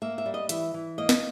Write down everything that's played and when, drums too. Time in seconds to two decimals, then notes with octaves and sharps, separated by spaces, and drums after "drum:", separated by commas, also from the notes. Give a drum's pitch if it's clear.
0.02 A#3 E5
0.18 E5
0.26 G3
0.34 D#5
0.49 E3 E5, drum: hi-hat
0.74 E3
0.98 A#3 D#5
1.09 drum: snare